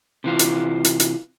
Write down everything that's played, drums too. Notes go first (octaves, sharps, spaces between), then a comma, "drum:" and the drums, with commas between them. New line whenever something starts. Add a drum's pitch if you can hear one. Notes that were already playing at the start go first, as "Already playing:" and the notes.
C3 E3 F4
drum: hi-hat
drum: hi-hat
drum: hi-hat